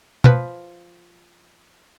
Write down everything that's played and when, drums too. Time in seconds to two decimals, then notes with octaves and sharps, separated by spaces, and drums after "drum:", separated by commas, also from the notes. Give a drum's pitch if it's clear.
0.24 F3 B4, drum: tom